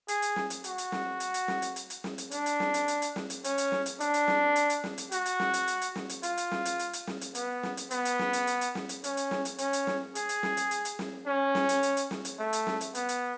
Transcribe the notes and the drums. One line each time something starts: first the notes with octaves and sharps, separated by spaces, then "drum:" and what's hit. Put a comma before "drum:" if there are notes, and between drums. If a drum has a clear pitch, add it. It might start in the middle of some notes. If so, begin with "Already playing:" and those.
G#4, drum: hi-hat
drum: hi-hat
drum: snare
drum: hi-hat
F#4, drum: hi-hat
drum: hi-hat
drum: snare
drum: hi-hat
drum: hi-hat
drum: snare
drum: hi-hat
drum: hi-hat
drum: hi-hat
drum: snare
drum: hi-hat
D4, drum: hi-hat
drum: hi-hat
drum: snare
drum: hi-hat
drum: hi-hat
drum: hi-hat
drum: snare
drum: hi-hat
C#4, drum: hi-hat
drum: hi-hat
drum: snare
drum: hi-hat
D4, drum: hi-hat
drum: hi-hat
drum: snare
drum: hi-hat
drum: hi-hat
drum: snare
drum: hi-hat
F#4, drum: hi-hat
drum: hi-hat
drum: snare
drum: hi-hat
drum: hi-hat
drum: hi-hat
drum: snare
drum: hi-hat
F4, drum: hi-hat
drum: hi-hat
drum: snare
drum: hi-hat
drum: hi-hat
drum: hi-hat
drum: snare
drum: hi-hat
B3, drum: hi-hat
drum: snare
drum: hi-hat
B3, drum: hi-hat
drum: hi-hat
drum: snare
drum: hi-hat
drum: hi-hat
drum: hi-hat
drum: snare
drum: hi-hat
C#4, drum: hi-hat
drum: hi-hat
drum: snare
drum: hi-hat
C#4, drum: hi-hat
drum: hi-hat
drum: snare
G#4, drum: hi-hat
drum: hi-hat
drum: snare
drum: hi-hat
drum: hi-hat
drum: hi-hat
drum: snare
C#4
drum: snare
drum: hi-hat
drum: hi-hat
drum: hi-hat
drum: snare
drum: hi-hat
A3
drum: hi-hat
drum: snare
drum: hi-hat
B3, drum: hi-hat
drum: hi-hat